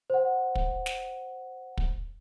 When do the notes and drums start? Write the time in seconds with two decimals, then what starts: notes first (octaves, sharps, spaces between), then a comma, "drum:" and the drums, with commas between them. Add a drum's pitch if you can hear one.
0.10 C5 F#5
0.55 drum: kick
0.86 drum: snare
1.77 drum: kick